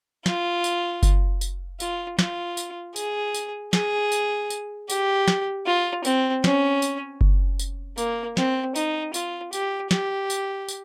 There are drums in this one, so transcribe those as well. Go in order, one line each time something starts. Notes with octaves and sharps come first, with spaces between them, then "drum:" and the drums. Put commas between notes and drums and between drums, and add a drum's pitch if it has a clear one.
F4, drum: snare
drum: tambourine
drum: kick F#1, tambourine
drum: tambourine
F4, drum: tambourine
F4, drum: snare
drum: tambourine
G#4, drum: tambourine
drum: tambourine
G#4, drum: snare
drum: tambourine
drum: tambourine
G4, drum: tambourine
drum: snare
F4
C4, drum: tambourine
C#4, drum: snare
drum: tambourine
drum: kick F#1
drum: tambourine
A#3, drum: tambourine
C4, drum: snare
D#4, drum: tambourine
F4, drum: tambourine
G4, drum: tambourine
G4, drum: snare
drum: tambourine
drum: tambourine